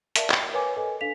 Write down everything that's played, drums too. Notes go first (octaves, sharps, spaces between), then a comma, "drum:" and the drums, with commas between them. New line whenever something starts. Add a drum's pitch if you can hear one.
A#4 D5 E5 F5 A5, drum: hi-hat
G5, drum: clap
A#4 B4 C#5 F5 G#5 D6
A4 B4 D#5 G#5
D4 A4 F5 B6 F7